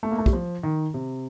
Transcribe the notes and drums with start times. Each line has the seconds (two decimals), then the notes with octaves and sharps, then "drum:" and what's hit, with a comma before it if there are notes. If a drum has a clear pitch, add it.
0.03 A3
0.11 A#3
0.18 A3
0.26 G3, drum: kick
0.33 F3
0.63 D#3
0.94 C3